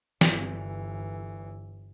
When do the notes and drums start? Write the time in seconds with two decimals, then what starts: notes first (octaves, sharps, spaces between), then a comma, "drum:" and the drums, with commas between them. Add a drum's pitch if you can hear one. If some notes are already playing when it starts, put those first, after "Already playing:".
0.21 G1 E3, drum: snare